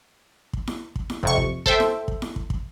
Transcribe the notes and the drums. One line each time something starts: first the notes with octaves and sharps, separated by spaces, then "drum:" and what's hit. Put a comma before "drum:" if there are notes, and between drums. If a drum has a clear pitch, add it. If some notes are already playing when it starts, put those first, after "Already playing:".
drum: kick
drum: snare E4
drum: kick
drum: snare E4
F2 C3 C#6, drum: kick
drum: kick
A4 C5 E5 G5, drum: kick
drum: snare E4
drum: kick
drum: snare E4
drum: kick
drum: kick